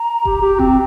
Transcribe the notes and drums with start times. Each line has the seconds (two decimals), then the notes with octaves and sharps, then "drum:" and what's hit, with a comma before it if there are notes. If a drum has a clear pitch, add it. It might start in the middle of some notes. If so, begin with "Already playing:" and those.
Already playing: A#5
0.25 G4, drum: kick D#1
0.42 G4
0.59 C4, drum: kick D#1